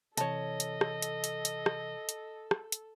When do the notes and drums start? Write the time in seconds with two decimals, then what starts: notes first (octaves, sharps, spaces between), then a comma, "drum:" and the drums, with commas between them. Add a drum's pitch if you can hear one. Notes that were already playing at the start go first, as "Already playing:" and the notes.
0.17 C3 E3 A4 C#5 D#5 A5, drum: hi-hat
0.60 drum: hi-hat
0.81 drum: rim click
1.02 drum: hi-hat
1.24 drum: hi-hat
1.45 drum: hi-hat
1.66 drum: rim click
2.09 drum: hi-hat
2.51 drum: rim click
2.72 drum: hi-hat